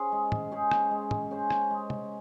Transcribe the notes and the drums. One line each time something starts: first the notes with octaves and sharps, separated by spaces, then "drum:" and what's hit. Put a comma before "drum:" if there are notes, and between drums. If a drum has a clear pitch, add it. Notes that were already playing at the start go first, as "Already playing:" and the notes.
Already playing: C#4 G#4 C5
G#3
drum: tom
C#4 G#4 C5
drum: rim click
G#3
drum: tom
C#4 G#4 C5
drum: rim click
G#3
drum: tom